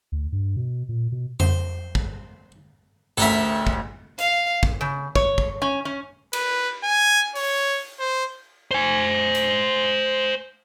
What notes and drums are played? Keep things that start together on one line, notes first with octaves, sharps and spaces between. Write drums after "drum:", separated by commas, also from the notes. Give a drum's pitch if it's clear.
D2
G2
B2
A#2
B2
C5, drum: tom F2
drum: kick
A1 D2 A4 A#4 E5
drum: kick
F5, drum: hi-hat
drum: kick
C#3
C#5, drum: kick
drum: kick
C#4
C#4
B4, drum: cymbal
G#5
C#5, drum: open hi-hat
C5
C5 G#5
drum: hi-hat